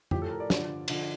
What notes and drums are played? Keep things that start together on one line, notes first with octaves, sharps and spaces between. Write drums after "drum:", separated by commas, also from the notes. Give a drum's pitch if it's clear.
A2 F3 G4, drum: tom F2
A4
A#4
D5
G2 D3 F3, drum: snare
D3 F3, drum: cymbal